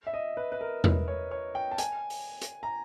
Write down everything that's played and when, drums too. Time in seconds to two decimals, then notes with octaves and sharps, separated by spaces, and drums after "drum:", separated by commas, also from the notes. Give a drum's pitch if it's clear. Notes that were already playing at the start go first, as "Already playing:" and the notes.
0.07 E5
0.14 D#5
0.37 B4
0.52 B4
0.61 A#4
0.84 B4, drum: tom E2
1.08 C#5
1.31 C#5
1.55 G5
1.71 A5
1.78 G#5, drum: hi-hat
2.10 drum: open hi-hat
2.42 drum: hi-hat
2.63 A#5